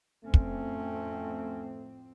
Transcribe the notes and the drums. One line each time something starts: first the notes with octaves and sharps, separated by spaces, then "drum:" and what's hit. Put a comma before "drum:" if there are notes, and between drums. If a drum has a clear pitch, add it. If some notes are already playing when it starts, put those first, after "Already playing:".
F2 A2 A3 C4 C#4
drum: kick